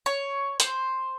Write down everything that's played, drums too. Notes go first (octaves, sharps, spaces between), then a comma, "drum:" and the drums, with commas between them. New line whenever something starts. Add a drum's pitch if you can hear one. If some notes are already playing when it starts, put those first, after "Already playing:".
C#5
C5, drum: hi-hat